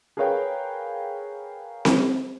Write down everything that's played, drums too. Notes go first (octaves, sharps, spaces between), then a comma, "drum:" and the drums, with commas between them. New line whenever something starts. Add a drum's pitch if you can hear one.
G#4 A#4 B4 C#5 F5 G5
drum: snare C4